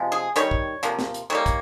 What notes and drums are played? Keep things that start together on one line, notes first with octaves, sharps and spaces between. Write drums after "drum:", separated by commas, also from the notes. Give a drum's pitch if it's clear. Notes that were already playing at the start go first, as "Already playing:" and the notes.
Already playing: C3 F3 G#3
G#4
D#3 G3 C#5, drum: hi-hat
drum: kick
C3 F3 A#3, drum: hi-hat
drum: snare
drum: hi-hat
D#3 G3 A#3 C#5
drum: kick, hi-hat